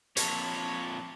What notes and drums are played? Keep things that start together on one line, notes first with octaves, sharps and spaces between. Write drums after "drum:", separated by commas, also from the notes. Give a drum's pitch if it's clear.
F2 A#2 C#5 A5 B5, drum: hi-hat